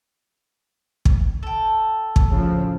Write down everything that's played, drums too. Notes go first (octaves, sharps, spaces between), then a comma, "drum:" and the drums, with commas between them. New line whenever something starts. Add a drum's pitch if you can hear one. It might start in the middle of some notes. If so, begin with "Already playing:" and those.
drum: kick
A4 G5
drum: kick
A2 C#3 F3